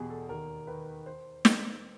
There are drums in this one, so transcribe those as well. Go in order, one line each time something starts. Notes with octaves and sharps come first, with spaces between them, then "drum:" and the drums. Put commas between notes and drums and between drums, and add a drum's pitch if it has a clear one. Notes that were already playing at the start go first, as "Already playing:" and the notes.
Already playing: E2 B2 G4 G#4
A4
D#2 A#4
D#3 B4
C5
drum: snare